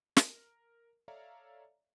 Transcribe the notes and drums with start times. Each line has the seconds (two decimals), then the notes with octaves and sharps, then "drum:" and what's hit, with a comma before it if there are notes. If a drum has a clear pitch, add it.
0.17 A#4, drum: snare
1.08 A4 C#5 D5 E5 F5 A#5